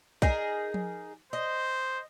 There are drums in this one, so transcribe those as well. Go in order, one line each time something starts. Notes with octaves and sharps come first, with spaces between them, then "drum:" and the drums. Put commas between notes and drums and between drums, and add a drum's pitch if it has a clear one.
D#4 G#4 A#4, drum: kick
drum: tom F3
C5 D#5